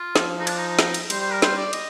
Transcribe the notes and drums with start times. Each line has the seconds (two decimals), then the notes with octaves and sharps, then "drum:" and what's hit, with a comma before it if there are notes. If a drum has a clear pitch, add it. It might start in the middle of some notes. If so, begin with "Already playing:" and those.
Already playing: F4
0.16 F3, drum: snare
0.39 D#4
0.47 D4, drum: cymbal
0.58 D#4
0.68 D#4
0.79 drum: snare
0.94 drum: cymbal
1.10 G3 C5, drum: cymbal
1.20 C5
1.31 A#4
1.42 C5, drum: snare
1.57 D5
1.73 D#5, drum: cymbal